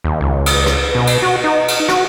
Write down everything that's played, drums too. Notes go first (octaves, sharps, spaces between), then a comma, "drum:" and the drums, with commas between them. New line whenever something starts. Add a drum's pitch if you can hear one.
D#2
C#2
drum: cymbal
drum: rim click
B2
drum: cymbal
F#4
D#4
drum: cymbal
F#4, drum: rim click